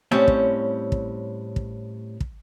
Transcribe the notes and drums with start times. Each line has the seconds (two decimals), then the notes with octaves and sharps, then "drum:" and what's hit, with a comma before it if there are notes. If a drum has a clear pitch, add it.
0.11 A2 G3 C4 C#4
0.28 drum: kick
0.92 drum: kick
1.56 drum: kick
2.20 drum: kick